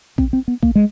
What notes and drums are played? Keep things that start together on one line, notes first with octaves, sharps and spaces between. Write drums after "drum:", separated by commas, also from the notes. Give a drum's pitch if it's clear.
C4, drum: kick A#1
C4
B3
A#3, drum: kick A#1
G#3